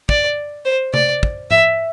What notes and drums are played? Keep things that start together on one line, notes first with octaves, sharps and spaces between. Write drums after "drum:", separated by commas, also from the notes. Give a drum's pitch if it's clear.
D5, drum: kick
C5
D5, drum: tom C3
drum: kick
E5, drum: tom